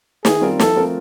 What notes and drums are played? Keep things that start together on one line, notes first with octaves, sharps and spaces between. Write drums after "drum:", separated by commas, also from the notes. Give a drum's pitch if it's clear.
D#3 G#4, drum: snare
G3 C4 F4 A#4
F3 A4, drum: snare
A3 C4 F4 A#4